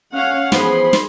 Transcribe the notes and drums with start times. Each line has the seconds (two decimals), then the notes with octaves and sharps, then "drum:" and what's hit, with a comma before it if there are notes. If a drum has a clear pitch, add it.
0.14 C#4 F5 F#5
0.52 E3 F3 B3 G#4 B5 C6, drum: snare
0.93 drum: snare